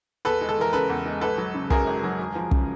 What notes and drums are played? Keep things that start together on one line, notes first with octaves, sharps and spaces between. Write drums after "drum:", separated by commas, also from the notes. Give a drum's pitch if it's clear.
E2 A4 B4
G#3
A4
E3 A#4
C#3 A4 B4
E2
G#3
G#1 A4 B4
F#3
C#3
F#2 G#4 A#4, drum: kick
G#1
F#3
E1
F3
C#3, drum: kick